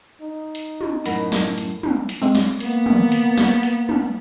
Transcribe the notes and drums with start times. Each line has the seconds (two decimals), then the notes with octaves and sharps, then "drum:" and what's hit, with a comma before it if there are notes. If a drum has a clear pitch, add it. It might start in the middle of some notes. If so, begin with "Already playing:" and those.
0.21 D#4
0.55 drum: hi-hat
0.81 drum: tom
1.06 F#2 A2 A#4 F#5 B5, drum: hi-hat
1.32 drum: snare
1.58 drum: hi-hat
1.83 drum: tom
2.09 drum: hi-hat
2.22 G#3 C4
2.35 drum: snare
2.60 A#3 B3, drum: hi-hat
2.86 drum: tom
3.12 drum: hi-hat
3.38 drum: snare
3.63 drum: hi-hat
3.89 drum: tom